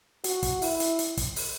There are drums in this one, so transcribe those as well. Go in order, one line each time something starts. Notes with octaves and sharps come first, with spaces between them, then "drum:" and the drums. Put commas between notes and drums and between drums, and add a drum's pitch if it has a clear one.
F#4, drum: hi-hat
drum: kick, hi-hat
E4, drum: open hi-hat
drum: hi-hat
drum: hi-hat
drum: kick, hi-hat
drum: open hi-hat